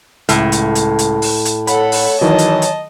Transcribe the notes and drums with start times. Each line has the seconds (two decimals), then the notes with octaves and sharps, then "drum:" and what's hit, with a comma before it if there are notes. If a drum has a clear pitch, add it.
0.29 C#2 A2, drum: hi-hat
0.52 drum: hi-hat
0.75 drum: hi-hat
0.99 drum: hi-hat
1.22 drum: open hi-hat
1.45 drum: hi-hat
1.67 A4 C#5 F#5 B5, drum: hi-hat
1.92 drum: open hi-hat
2.21 D#3 E3 F#3 D#5 A5
2.39 drum: hi-hat
2.62 drum: hi-hat